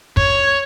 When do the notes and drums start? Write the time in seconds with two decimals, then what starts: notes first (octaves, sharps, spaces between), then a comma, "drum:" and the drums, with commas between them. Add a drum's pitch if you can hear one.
0.17 C#5, drum: kick